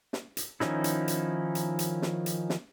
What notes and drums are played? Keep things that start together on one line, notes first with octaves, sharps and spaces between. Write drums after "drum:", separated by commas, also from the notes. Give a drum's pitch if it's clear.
drum: snare
drum: hi-hat
D#3 F3 C#4 D#4 E4, drum: snare
drum: hi-hat
drum: hi-hat
drum: hi-hat
drum: hi-hat
drum: snare
drum: hi-hat
drum: snare